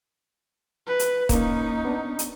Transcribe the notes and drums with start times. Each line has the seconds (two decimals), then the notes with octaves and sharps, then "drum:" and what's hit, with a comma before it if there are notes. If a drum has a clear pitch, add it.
0.87 B4
0.99 drum: hi-hat
1.29 A#3 C#4 D#4, drum: kick, hi-hat
1.85 B3 D4
2.19 drum: hi-hat